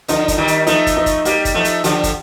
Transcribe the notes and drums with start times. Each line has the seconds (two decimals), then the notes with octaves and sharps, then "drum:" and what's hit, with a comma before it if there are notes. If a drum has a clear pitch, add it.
0.08 D3 F3 D#4, drum: hi-hat
0.28 drum: kick, hi-hat
0.37 D#3 G3 D#4
0.48 drum: hi-hat
0.67 F3 A3 D#4, drum: hi-hat
0.87 drum: kick, hi-hat
0.97 D#4
1.06 drum: kick, hi-hat
1.25 G3 A#3 G4, drum: hi-hat
1.45 drum: kick, hi-hat
1.54 F3 A3 D#4
1.65 drum: hi-hat
1.84 D3 F3 G4, drum: hi-hat
2.03 drum: kick, hi-hat